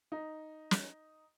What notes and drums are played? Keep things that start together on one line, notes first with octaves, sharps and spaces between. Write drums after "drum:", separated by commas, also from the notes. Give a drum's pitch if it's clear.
D#4
drum: snare